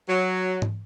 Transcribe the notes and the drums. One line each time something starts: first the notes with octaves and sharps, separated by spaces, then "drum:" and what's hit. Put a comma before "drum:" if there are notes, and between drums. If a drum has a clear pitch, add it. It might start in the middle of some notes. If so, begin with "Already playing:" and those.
F#3
drum: tom G#2